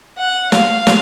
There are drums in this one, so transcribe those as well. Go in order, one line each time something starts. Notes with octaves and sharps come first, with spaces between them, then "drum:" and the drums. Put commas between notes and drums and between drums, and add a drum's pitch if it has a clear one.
F#5
F5, drum: snare
drum: snare